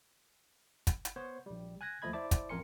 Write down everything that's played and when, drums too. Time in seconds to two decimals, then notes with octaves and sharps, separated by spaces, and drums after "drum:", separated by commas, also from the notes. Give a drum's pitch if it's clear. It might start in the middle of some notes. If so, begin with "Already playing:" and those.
0.87 drum: kick, hi-hat
1.05 drum: hi-hat
1.16 B3 C5 C#5
1.46 A#1 G3
1.81 G#5 F#6 G#6 A#6
2.02 D#2 F3 A3 D#5 B5 G#6
2.13 E4 C5 D5 E5 A5 D6
2.31 drum: kick, hi-hat
2.49 A1 F2 A#4 G#5 C6 C#7